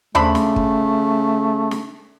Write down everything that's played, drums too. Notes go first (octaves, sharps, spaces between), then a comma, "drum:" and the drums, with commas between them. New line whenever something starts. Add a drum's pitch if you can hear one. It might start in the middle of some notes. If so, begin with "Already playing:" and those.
C#3 A3 C4 D4 B5, drum: tom D#2
drum: snare
drum: kick
drum: snare